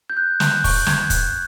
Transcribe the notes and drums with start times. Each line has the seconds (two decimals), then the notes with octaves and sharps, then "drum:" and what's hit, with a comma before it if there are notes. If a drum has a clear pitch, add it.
0.10 G6
0.17 F#6
0.40 F#6 G6, drum: snare
0.64 C#6, drum: kick, open hi-hat
0.76 G6
0.87 C#6 G#6, drum: snare
1.10 F#6, drum: kick, hi-hat